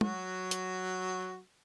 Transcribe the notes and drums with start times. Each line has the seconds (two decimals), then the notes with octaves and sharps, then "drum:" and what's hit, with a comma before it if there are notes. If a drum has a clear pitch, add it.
0.01 F#3 F#4, drum: tom
0.51 drum: hi-hat